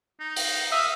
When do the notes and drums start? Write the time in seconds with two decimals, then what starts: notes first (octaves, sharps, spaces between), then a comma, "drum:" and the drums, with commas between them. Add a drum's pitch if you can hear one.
0.20 D#4
0.36 drum: open hi-hat
0.72 E5 F5 D#6